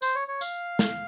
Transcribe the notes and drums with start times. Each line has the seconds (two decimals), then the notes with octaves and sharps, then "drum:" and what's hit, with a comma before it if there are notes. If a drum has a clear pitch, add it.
0.02 C5, drum: tambourine
0.15 C#5
0.28 C#5
0.41 F5, drum: tambourine
0.79 drum: snare